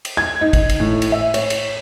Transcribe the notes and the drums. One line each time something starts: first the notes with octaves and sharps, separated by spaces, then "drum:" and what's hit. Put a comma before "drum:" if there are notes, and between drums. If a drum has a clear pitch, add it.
drum: cymbal
G#6
D#4
drum: kick, cymbal
drum: cymbal
A2
drum: cymbal
E5
C#5, drum: cymbal
drum: cymbal